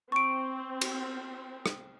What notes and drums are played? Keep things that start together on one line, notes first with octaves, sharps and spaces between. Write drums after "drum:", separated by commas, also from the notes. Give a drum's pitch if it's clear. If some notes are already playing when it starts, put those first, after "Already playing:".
C4 C#6 D7
drum: cymbal
drum: rim click